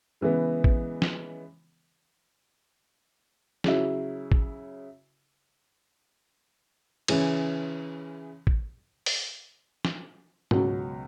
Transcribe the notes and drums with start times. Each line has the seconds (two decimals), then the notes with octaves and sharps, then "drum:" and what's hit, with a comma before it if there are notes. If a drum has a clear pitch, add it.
0.21 C#3 E3 G#3 B3
0.64 drum: kick A1
1.02 drum: snare
3.64 C#3 F#3 E4, drum: snare
4.32 drum: kick A1
7.08 C#3 E3 C#4, drum: cymbal
8.47 drum: kick A1
9.06 drum: open hi-hat
9.85 drum: snare
10.51 C#2 B2 F#3, drum: tom G#2